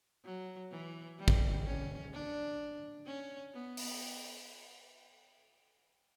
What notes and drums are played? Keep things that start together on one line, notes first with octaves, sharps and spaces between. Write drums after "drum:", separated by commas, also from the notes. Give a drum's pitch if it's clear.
F#3
E3
G3
drum: kick
C#4
D4
C#4
B3
drum: open hi-hat